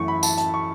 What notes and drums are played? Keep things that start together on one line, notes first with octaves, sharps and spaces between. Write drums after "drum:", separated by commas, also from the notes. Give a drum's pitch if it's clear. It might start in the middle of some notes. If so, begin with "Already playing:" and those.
Already playing: F#2 E3 A3 C#4 C#6
B5
A5, drum: tambourine
A5, drum: hi-hat
C#6